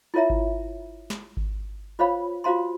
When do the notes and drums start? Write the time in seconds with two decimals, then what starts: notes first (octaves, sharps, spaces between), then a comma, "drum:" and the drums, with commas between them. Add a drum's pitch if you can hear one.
0.14 E4 F4 A#4 C#5 E5 A#5
0.30 drum: kick G#1
1.10 drum: snare
1.37 drum: kick G#1
1.99 F4 C5 C#5 F5 B5
2.44 F4 F#4 C5 F5 A#5 C6